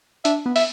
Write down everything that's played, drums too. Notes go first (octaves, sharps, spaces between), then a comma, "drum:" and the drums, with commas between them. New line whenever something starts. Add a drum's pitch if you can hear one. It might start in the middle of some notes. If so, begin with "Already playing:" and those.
D4 E5, drum: hi-hat
B3
E5, drum: open hi-hat